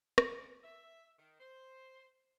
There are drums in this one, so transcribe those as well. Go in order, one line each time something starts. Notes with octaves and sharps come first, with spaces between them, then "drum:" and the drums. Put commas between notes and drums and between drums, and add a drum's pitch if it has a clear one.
C#4 A4 D5, drum: rim click
E5
D#3
C5